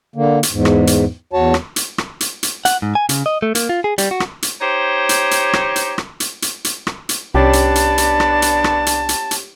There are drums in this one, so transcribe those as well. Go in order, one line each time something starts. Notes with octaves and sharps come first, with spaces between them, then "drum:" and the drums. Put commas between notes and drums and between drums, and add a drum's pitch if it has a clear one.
D3 A#3
drum: hi-hat
E2 G#2
drum: rim click
drum: hi-hat
E2 F#4 C#5 A5
drum: rim click
drum: hi-hat
drum: rim click
drum: hi-hat
drum: hi-hat
F#5, drum: hi-hat
G#2
G#5
C#3, drum: hi-hat
D#5
A3
A#3, drum: hi-hat
F4
G#4
G3, drum: hi-hat
F#4
drum: rim click
drum: hi-hat
D#4 G4 C5 C#5
drum: hi-hat
drum: hi-hat
drum: rim click
drum: hi-hat
drum: rim click
drum: hi-hat
drum: hi-hat
drum: hi-hat
drum: rim click
drum: hi-hat
C2 B3 C#4 D4 G4 A5
drum: hi-hat
drum: hi-hat
drum: hi-hat
drum: rim click
drum: hi-hat
drum: rim click
drum: hi-hat
drum: hi-hat
drum: hi-hat